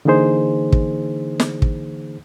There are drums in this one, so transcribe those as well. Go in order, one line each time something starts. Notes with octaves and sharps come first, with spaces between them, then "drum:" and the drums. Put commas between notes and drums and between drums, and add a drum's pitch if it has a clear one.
D3 E3 A#3 D#4 G#4 C5
drum: kick
drum: snare
drum: kick